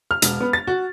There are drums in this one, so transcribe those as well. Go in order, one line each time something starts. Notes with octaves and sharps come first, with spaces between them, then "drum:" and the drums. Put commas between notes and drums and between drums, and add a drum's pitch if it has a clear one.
F6
E1, drum: hi-hat
B3
A6
F#4